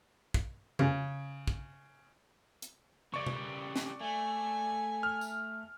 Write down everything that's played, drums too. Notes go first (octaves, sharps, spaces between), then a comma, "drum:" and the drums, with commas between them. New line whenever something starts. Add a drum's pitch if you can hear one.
drum: kick
C#3, drum: tom C#3
drum: kick
drum: hi-hat
C#3 G3 D5 C#6
drum: tom B2
drum: snare
A3 G#5
F6
drum: tambourine